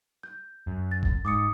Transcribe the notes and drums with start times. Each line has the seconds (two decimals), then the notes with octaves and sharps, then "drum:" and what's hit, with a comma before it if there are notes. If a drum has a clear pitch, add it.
0.23 G6
0.67 F#2
0.91 A6
1.03 drum: kick E1
1.25 G#2 D6 D#6 C#7